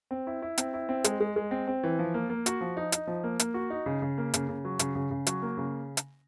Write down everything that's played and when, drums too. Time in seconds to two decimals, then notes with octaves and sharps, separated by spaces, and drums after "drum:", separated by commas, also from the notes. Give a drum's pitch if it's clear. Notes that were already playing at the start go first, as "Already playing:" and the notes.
0.11 C4
0.27 E4
0.42 E4
0.58 C4, drum: hi-hat
0.74 E4
0.89 C4
1.04 G#3, drum: hi-hat
1.20 G#3
1.36 G#3
1.51 C4
1.68 C4
1.83 E3
1.99 F3
2.14 A#3
2.30 A#3
2.46 F#4, drum: hi-hat
2.61 F3
2.77 D#4
2.92 D#4, drum: hi-hat
3.07 F3
3.24 A#3
3.39 A#3, drum: hi-hat
3.54 F#4
3.70 D#4
3.86 C#3
4.02 C#3
4.18 A#3
4.34 C#3, drum: hi-hat
4.49 C#3
4.65 F#3
4.79 C#3, drum: hi-hat
4.95 C#3
5.11 C#3
5.27 F#3, drum: hi-hat
5.42 A#3
5.57 C#3
5.97 drum: hi-hat